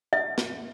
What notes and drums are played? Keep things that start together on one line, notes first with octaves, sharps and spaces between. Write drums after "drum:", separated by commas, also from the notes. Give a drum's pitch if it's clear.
E5
drum: snare